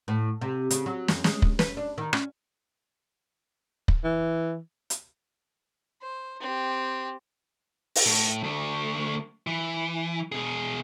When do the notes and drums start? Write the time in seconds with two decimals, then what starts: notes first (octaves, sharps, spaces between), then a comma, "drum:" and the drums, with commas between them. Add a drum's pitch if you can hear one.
0.08 A2
0.41 C3
0.71 C#3, drum: hi-hat
0.86 F#3
1.08 F2, drum: snare
1.24 G#3, drum: snare
1.42 drum: kick
1.59 B4, drum: snare
1.77 D4
1.98 D#3
2.13 C#4, drum: rim click
3.88 drum: kick
4.04 E3
4.90 drum: hi-hat
6.01 C5
6.40 C4 G4
7.95 drum: open hi-hat
8.06 A2
8.43 D2 A3
9.47 E3
10.32 B2 G#4